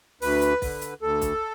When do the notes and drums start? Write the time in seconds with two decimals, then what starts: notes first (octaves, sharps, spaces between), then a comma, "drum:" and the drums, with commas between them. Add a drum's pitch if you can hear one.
0.22 D2 B4, drum: open hi-hat
0.41 drum: hi-hat
0.62 D3, drum: kick B1, open hi-hat
0.81 drum: hi-hat
1.01 D2 A4
1.22 drum: kick B1, hi-hat